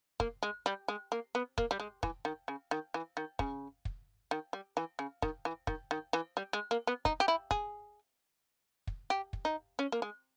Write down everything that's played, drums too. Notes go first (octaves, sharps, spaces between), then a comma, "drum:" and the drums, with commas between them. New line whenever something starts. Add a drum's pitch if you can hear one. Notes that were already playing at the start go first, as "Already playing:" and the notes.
A#3, drum: kick
G#3
G3
G#3
A#3
B3
A#3, drum: kick
G3
G#3
E3, drum: kick
D#3
C#3
D#3
E3
D#3
C#3, drum: kick
drum: kick
D#3
G3
E3
C#3
D#3, drum: kick
E3
D#3, drum: kick
D#3
E3
G3
G#3
A#3
B3
D#4, drum: kick
G4
E4
G#4, drum: kick
drum: kick
G4
drum: kick
D#4
C#4
A#3
G#3